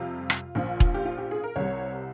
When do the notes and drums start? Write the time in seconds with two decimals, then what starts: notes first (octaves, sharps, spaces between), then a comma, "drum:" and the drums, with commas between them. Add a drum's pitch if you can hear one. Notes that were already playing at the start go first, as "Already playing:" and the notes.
Already playing: F2 C3 G3 F4
0.30 drum: rim click
0.55 A#1 A#2 F3
0.80 drum: kick E1
0.94 G4
1.05 F4
1.18 G4
1.31 G#4
1.44 A#4
1.56 C2 C3 G3 C#5